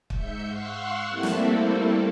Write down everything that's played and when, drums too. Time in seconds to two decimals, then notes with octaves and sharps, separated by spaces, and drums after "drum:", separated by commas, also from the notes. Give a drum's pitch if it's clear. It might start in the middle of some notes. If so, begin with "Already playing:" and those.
0.10 G#2 E5 G6 C#7, drum: kick
0.46 F5 F#5 C6 C#6 E6 F#6
1.06 G3 A3 A#3 C4 E4 A4
1.23 drum: snare